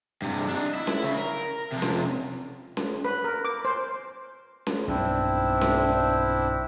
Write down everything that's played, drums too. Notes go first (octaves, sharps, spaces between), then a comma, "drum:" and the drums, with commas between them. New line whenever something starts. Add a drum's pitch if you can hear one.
G2 C3
D4 D#4
E4 E5
drum: snare C#4
C#3
A#4
C3 F3
drum: snare C#4
drum: snare C#4
B4
A#4
D6
C5
drum: snare C#4
B1 G2 C4 D4 E4
drum: snare C#4